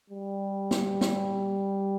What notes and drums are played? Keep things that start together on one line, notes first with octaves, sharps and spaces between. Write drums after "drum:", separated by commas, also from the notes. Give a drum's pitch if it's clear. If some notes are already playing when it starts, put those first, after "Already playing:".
G3
drum: snare
drum: snare